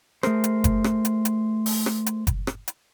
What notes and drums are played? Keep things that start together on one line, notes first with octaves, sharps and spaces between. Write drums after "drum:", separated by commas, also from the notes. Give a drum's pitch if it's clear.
A3 G#4 A#4 C5, drum: rim click
drum: hi-hat
drum: kick F#1, hi-hat
drum: rim click
drum: hi-hat
drum: hi-hat
drum: open hi-hat
drum: rim click
drum: hi-hat
drum: kick F#1, hi-hat
drum: rim click
drum: hi-hat